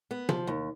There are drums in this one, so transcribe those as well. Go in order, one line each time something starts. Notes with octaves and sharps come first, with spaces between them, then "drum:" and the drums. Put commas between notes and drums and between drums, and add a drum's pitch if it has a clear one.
B3
F3, drum: tom
D#2